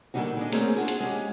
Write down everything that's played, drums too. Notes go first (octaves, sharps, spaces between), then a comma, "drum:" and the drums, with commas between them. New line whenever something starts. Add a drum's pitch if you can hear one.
A#2 D3 D#3 G3 D#4 F#4
G#3 D4 D#5
A3 A#3 C4 C#4 G#4 C5, drum: hi-hat
D4 F4 F#4 G#4
drum: hi-hat
G#3 C#4 G4